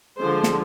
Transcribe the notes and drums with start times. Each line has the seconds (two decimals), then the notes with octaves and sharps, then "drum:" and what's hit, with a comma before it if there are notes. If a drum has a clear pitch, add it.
0.18 D3 F3 G#3 C5
0.44 drum: snare